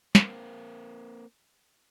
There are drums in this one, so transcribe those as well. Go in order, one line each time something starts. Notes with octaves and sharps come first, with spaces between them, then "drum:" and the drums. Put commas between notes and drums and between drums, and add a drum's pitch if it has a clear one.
A#3 C4, drum: snare